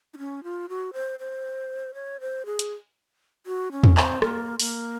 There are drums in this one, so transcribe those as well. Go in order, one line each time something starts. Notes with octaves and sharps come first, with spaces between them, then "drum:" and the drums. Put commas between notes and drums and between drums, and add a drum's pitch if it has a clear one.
D#4
C#4
F4
F#4
C5
C5
C#5
C5
G#4
drum: hi-hat
F#4
C#4
drum: tom E2
C4, drum: clap
A#3, drum: rim click
A#3, drum: open hi-hat